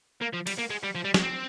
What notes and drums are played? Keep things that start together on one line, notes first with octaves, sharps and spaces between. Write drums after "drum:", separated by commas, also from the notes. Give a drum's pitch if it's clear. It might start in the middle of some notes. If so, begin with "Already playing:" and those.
A#3
F3
G3, drum: cymbal
A#3
G#3
G3
F3
G3
G#3, drum: snare
C4